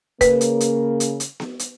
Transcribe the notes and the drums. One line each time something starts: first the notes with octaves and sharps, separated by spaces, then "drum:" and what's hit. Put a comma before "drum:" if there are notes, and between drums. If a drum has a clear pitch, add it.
C#3 A#3 B4, drum: kick, hi-hat
drum: hi-hat
drum: hi-hat
drum: hi-hat
drum: hi-hat
drum: snare B3
drum: hi-hat